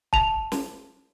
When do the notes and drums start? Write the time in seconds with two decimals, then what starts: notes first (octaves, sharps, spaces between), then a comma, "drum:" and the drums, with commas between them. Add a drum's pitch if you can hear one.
0.13 A5 F7, drum: kick C#1
0.52 drum: snare